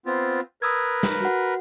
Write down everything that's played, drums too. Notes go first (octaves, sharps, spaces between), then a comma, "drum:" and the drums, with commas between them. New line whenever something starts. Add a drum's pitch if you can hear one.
B3 C4 F4
A#4 B4 D#6 E6 G#6
drum: snare
F#4 F#5